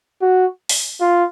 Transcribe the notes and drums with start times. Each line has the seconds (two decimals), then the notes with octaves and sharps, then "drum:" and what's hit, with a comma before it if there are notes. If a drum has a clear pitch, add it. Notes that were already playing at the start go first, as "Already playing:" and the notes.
0.22 F#4
0.69 drum: open hi-hat
1.01 F4